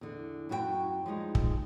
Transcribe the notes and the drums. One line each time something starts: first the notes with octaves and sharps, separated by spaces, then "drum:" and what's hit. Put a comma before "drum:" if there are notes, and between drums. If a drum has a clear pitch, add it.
E2 D3
F#2 E4 F#4 G4 G5
F3 G3 G#3 D#4
drum: kick